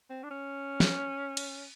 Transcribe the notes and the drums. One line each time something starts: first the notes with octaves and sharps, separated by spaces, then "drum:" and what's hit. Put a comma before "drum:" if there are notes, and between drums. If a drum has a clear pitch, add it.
C4
D4
C#4
drum: snare
drum: cymbal